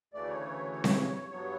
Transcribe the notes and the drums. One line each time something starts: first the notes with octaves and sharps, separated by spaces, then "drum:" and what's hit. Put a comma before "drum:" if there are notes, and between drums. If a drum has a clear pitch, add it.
D2 C#3 E3 A3 D5
C#5
C#5
drum: snare C4
G2 F#3 B3 C#5